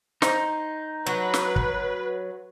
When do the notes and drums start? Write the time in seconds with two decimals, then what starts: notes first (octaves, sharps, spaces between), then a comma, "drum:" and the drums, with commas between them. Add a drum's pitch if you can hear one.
0.22 D#4 C5, drum: snare
1.07 F#3 B4
1.34 drum: snare
1.56 drum: kick